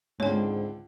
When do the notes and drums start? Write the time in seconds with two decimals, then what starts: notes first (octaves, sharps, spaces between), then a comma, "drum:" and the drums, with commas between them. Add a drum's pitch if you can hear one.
0.20 C#2 G#2 D3 C4 C#5 G#5, drum: tom G#3